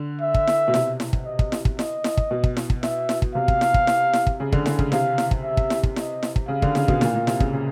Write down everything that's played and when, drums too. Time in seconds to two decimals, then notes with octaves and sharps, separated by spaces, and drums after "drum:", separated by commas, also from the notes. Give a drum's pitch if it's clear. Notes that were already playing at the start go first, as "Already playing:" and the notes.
Already playing: D3
0.22 E5
0.34 drum: kick
0.48 drum: snare E4
0.68 B2
0.74 C3, drum: snare E4
1.00 drum: snare E4
1.13 drum: kick
1.25 D#5
1.39 drum: kick
1.52 drum: snare E4
1.65 drum: kick
1.79 D#5, drum: snare E4
2.04 drum: snare E4
2.17 drum: kick
2.31 B2
2.44 drum: kick
2.57 drum: snare E4
2.70 drum: kick
2.83 E5, drum: snare E4
3.09 drum: snare E4
3.22 drum: kick
3.35 C3 F5
3.48 drum: kick
3.61 drum: snare E4
3.74 drum: kick
3.87 drum: snare E4
4.14 drum: snare E4
4.27 drum: kick
4.40 C#3
4.53 D3, drum: kick
4.66 D3, drum: snare E4
4.79 C#3, drum: kick
4.92 C3 F5, drum: snare E4
5.18 drum: snare E4
5.31 drum: kick
5.44 E5
5.57 drum: kick
5.70 drum: snare E4
5.83 drum: kick
5.96 D#5, drum: snare E4
6.23 drum: snare E4
6.36 drum: kick
6.48 C#3 F5
6.62 D3, drum: kick
6.75 C#3, drum: snare E4
6.88 B2, drum: kick
7.01 A#2, drum: snare E4
7.14 A#2
7.27 C3, drum: snare E4
7.40 C#3, drum: kick
7.53 C#3